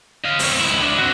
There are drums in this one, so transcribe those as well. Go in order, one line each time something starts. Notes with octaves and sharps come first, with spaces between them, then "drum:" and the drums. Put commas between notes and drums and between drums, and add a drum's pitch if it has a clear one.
D#5 F5
C4 C#4, drum: open hi-hat
C#2 E4
D4 E5
C4 F#4